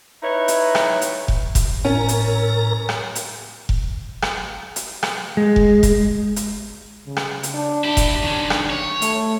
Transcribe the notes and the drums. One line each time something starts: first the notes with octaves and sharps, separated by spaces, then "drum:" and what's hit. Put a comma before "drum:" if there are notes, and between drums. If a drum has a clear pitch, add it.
D#4 E4 B4 C#5
drum: hi-hat
drum: rim click
drum: hi-hat
drum: kick F1
drum: kick F1, hi-hat
A2 C#4 A#4 A#5
drum: hi-hat
drum: rim click
drum: hi-hat
drum: kick F1
drum: rim click
drum: hi-hat
drum: rim click
G#3
drum: kick F1
drum: kick F1, hi-hat
drum: hi-hat
C#3
drum: rim click
drum: hi-hat
D4
D4 E4 G4
drum: kick F1, hi-hat
D#3 C#4
drum: rim click
C#5
A3, drum: hi-hat